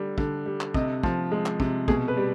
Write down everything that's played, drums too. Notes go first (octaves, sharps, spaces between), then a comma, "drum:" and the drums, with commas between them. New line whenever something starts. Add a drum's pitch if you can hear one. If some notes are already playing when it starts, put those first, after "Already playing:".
Already playing: D3 G3
D3, drum: kick
G3
drum: clap
C3 D#5, drum: kick
F3, drum: kick
G#3
drum: clap
C3, drum: kick
B2 G#4, drum: kick
B4
G3